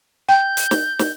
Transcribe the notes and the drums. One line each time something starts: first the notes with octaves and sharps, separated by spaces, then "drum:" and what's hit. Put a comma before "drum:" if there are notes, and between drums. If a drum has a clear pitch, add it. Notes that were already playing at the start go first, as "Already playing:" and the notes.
G5 G6
drum: hi-hat
drum: snare
drum: snare